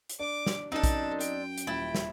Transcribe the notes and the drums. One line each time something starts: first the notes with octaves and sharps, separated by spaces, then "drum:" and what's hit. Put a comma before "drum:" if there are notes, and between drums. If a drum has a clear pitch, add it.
drum: hi-hat
D4 D6
drum: snare
F#2 C4 D4 D#4 A4
drum: kick A#1, hi-hat
G5, drum: hi-hat
drum: hi-hat
D#1 E4 A6
drum: snare